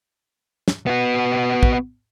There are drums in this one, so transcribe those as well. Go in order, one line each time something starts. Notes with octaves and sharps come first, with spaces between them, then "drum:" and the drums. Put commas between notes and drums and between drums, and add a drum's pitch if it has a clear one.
drum: snare
B3 F#4
drum: kick